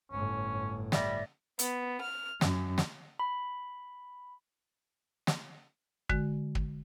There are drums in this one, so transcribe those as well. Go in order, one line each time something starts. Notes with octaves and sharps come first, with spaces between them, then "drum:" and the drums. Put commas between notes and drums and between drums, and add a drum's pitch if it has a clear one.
G1 A2 C#4
G3 D5 E5 A#6, drum: snare
B3, drum: hi-hat
F6
F#2, drum: snare
drum: snare
B5
drum: snare
D3 G#3 F#4, drum: kick
drum: kick